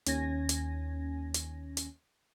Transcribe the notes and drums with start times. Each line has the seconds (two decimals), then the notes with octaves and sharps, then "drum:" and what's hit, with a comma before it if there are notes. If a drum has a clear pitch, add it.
0.06 D#2 C#4 G#5 G#6 A#6, drum: hi-hat
0.49 drum: hi-hat
1.34 drum: hi-hat
1.77 drum: hi-hat